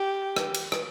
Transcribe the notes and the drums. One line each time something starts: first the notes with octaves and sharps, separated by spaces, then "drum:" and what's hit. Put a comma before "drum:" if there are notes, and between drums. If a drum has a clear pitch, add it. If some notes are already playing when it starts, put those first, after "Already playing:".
Already playing: G4
drum: rim click
drum: cymbal
drum: rim click